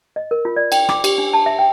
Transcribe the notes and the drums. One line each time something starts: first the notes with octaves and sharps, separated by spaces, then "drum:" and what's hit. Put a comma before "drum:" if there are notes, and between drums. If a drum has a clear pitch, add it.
D#5
A#4
F4
D5
G5, drum: cymbal
D6, drum: rim click
G4, drum: cymbal
D4
A5
E5
G5